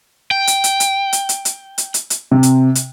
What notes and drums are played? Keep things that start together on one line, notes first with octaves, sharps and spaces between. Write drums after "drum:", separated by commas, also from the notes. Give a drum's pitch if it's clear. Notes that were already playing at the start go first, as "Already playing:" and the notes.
G5
drum: hi-hat
drum: hi-hat
drum: hi-hat
drum: hi-hat
drum: hi-hat
drum: hi-hat
drum: hi-hat
drum: hi-hat
drum: hi-hat
C3
drum: hi-hat
drum: hi-hat